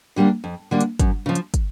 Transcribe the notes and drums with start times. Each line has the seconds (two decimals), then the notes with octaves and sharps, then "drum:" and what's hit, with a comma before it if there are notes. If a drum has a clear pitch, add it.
0.16 D3 G3 A#3 D4
0.44 F2
0.71 D3 G3 A#3 D4
0.81 drum: hi-hat
0.99 F#2, drum: kick, hi-hat
1.26 C#3 F3
1.35 drum: hi-hat
1.54 drum: kick, hi-hat